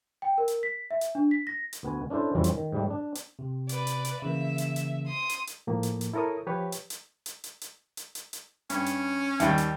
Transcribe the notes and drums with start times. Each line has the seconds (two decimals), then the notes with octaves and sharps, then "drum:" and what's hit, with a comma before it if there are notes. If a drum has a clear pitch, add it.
0.22 G5
0.38 A#4
0.48 drum: hi-hat
0.63 B6
0.91 E5
1.01 drum: hi-hat
1.15 D4
1.31 B6
1.47 A#6
1.73 drum: hi-hat
1.83 D2 B3 F#4 G#5
2.10 C#4 D4 E4 A4 C5
2.35 F2 E3 G3 C4 C#4 F#4
2.44 drum: hi-hat
2.55 D#3
2.72 G#2 G3 A3
2.90 D4
3.15 drum: hi-hat
3.39 C3
3.69 B4 D5, drum: hi-hat
3.87 drum: hi-hat
4.05 drum: hi-hat
4.22 C#3 E3 A#3 E5
4.58 drum: hi-hat
4.76 drum: hi-hat
5.06 C6 D#6
5.29 drum: hi-hat
5.47 drum: hi-hat
5.67 A2 F3 A#3
5.83 drum: hi-hat
6.01 drum: hi-hat
6.13 E4 A4 A#4 C#5 D#6
6.46 F3 G4 B4 C#5
6.72 drum: hi-hat
6.90 drum: hi-hat
7.26 drum: hi-hat
7.44 drum: hi-hat
7.61 drum: hi-hat
7.97 drum: hi-hat
8.15 drum: hi-hat
8.33 drum: hi-hat
8.70 G2 C#4, drum: hi-hat
8.86 drum: hi-hat
9.40 D#2 G3 G5, drum: hi-hat
9.58 drum: hi-hat